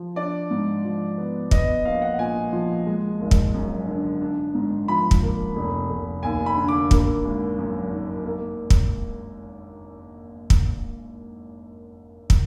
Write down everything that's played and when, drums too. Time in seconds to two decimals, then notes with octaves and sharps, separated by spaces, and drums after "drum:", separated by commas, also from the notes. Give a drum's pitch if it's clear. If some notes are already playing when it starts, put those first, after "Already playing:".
Already playing: F3
0.16 D4 D5
0.51 G#2
0.84 F3
1.18 B3
1.51 B3 D#5, drum: kick
1.85 A#1 F5
2.02 F#5
2.19 A#2 G#5
2.52 F3
2.86 G#3
3.20 G#1
3.31 drum: kick
3.54 F#2
3.88 D3
4.22 D4
4.55 G#2
4.88 F3 B5
5.11 drum: kick
5.23 A#3
5.56 F1
5.90 F1
6.23 D#2 G#5
6.46 B5
6.57 D3
6.68 D6
6.91 A#3, drum: kick
7.25 G#1
7.58 F#2
7.92 D#3
8.25 A#3
8.70 drum: kick
10.50 drum: kick
12.30 drum: kick